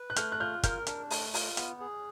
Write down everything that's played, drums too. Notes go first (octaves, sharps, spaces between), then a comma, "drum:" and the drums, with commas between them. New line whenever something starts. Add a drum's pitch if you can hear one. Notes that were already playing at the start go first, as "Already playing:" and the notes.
Already playing: B4
F#6
A3 F6 G6, drum: hi-hat
F#6
F4 F6 G6
A#4 F6 G6, drum: kick, hi-hat
D4, drum: hi-hat
A3, drum: open hi-hat
F4, drum: open hi-hat
B3, drum: hi-hat
G#4